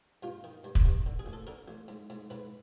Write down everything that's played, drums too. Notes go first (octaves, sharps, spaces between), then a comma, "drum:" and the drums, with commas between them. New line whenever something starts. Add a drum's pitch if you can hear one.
G2 F4
D#3
G2
drum: kick
G2
D3
G#4
A1
A4
D3 A#4
A1
G#2
G#2
G#2 B4